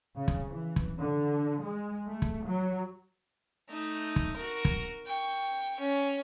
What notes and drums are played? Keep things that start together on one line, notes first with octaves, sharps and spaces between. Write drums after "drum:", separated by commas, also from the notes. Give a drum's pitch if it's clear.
C#3
drum: kick
E3
drum: kick
D3
G#3
A3
drum: kick
F#3
A3 D#4
drum: kick
F#4 A#4
drum: kick
G5 C#6
C#4